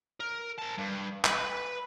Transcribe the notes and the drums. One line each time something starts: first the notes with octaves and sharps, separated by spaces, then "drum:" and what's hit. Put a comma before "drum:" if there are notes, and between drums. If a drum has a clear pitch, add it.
A#4
A#4 A5
G2
B4 B5, drum: clap